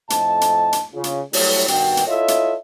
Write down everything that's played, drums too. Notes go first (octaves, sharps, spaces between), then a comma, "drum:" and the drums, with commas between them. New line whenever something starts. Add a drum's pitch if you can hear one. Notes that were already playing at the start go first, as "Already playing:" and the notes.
F2 A2 D#5 A5, drum: hi-hat
drum: hi-hat
drum: hi-hat
C#3 F4
drum: hi-hat
F#3 G3 A3 E4 C#5, drum: open hi-hat
G2 B2 D#3 F#4 G5, drum: hi-hat
drum: hi-hat
E4 F4 A4 C#5 D#5 E5
drum: hi-hat